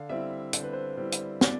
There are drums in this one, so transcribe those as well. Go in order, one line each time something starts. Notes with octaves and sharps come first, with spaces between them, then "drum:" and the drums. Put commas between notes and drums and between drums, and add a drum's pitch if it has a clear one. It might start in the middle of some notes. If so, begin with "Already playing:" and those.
Already playing: D3 F5
G3 C4 E4 E5
D3 C5, drum: hi-hat
B4
C5
G3 C4 E4
drum: hi-hat
D3 D5, drum: snare